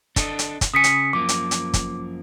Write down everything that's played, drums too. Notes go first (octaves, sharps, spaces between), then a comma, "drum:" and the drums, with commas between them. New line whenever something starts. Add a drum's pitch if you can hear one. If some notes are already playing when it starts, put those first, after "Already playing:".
D4 A4 D#5, drum: kick, hi-hat
drum: hi-hat
drum: kick, hi-hat
C#3 G#5 D#6 B6 C#7
drum: hi-hat
F#2 F3 A#3 D6
drum: hi-hat
drum: hi-hat
drum: kick, hi-hat